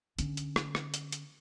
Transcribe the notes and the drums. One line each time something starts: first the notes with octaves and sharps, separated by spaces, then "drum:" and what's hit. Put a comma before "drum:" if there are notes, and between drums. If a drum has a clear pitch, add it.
D3 C#4, drum: hi-hat
drum: hi-hat
drum: rim click
drum: rim click
drum: hi-hat
drum: hi-hat